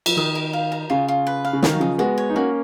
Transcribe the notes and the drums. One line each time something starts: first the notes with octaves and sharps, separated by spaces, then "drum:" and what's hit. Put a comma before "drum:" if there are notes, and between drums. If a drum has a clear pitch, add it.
F3, drum: cymbal
D#3 D#6
A#4
F5
A#5
C#3 F4
F4
B4
F5
C#3
D#3 F5, drum: snare
F#3
C#3 F3 D#4
G#3 B3 F#4
C#5
D#4
A#3 C#4 F#4